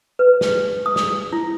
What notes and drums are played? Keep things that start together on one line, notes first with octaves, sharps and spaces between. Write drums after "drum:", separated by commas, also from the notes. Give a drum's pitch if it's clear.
B4
drum: snare
D#6
drum: snare
E4